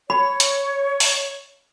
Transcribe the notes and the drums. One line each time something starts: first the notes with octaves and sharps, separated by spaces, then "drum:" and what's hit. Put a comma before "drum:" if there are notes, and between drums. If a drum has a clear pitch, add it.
C#5 B5
drum: hi-hat
drum: open hi-hat